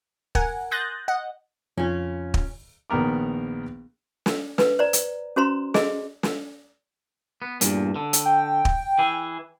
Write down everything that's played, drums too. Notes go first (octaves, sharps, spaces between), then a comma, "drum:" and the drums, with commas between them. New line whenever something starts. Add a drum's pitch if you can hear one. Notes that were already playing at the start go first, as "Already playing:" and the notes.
A#4 F#5 G#5, drum: kick
C6 D#6 F#6 G6 A6 A#6
D#5 F#5
F2 C#3 C#4 F4
drum: kick
A#1 D#3 B3 A#4 D6
drum: snare
B4, drum: snare
C5 D5 A#5
drum: hi-hat
C#4 F#4 C5 A#5 C6
G#4 D#5, drum: snare
drum: snare
B3
E2 G2 A#2, drum: hi-hat
D3
drum: hi-hat
G5
drum: kick
E3 G#4